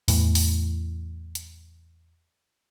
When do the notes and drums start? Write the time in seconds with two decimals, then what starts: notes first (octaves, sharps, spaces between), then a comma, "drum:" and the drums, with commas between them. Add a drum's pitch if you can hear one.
0.08 E2 A2 E3, drum: open hi-hat
0.35 drum: open hi-hat
1.35 drum: hi-hat